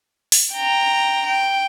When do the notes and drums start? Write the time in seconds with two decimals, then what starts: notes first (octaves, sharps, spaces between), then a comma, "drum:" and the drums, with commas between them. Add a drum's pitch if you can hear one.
0.32 drum: open hi-hat
0.54 G5 A#5
1.27 G5